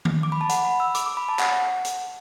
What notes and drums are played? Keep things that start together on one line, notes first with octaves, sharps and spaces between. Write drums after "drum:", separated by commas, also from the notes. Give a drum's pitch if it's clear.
drum: tom D#3
D6
B5
A5
F#5, drum: hi-hat
B5
E6
D6, drum: hi-hat
D6
B5
A5
F#5, drum: clap
drum: hi-hat